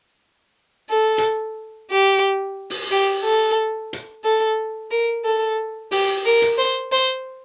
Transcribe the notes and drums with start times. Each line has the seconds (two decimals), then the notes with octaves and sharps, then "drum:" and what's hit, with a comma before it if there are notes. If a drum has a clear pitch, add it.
0.90 A4
1.18 drum: hi-hat
1.91 G4
2.70 drum: open hi-hat
2.91 G4
3.24 A4
3.93 drum: hi-hat
4.24 A4
4.91 A#4
5.25 A4
5.91 G4, drum: open hi-hat
6.25 A#4
6.42 drum: hi-hat
6.58 C5
6.92 C5